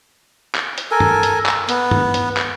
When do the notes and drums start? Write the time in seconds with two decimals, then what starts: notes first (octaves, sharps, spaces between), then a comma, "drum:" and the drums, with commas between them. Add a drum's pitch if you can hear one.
0.55 drum: clap
0.78 drum: hi-hat
0.91 A4 A#4 G#5
1.00 drum: tom G2
1.23 drum: hi-hat
1.46 drum: clap
1.69 B3, drum: hi-hat
1.91 drum: tom G2
2.14 drum: hi-hat
2.37 drum: clap